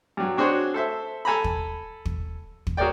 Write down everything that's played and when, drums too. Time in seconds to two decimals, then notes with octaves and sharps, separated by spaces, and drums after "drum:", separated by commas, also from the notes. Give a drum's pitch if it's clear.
0.17 G2 F#3
0.37 C4 D4 F#4 G#4 C5 C#5
0.74 A4 C5 E5
1.25 A4 G#5 A#5 B5
1.44 drum: kick
2.05 drum: kick
2.67 drum: kick
2.77 F#4 G#4 A#4 C#5 D5 G5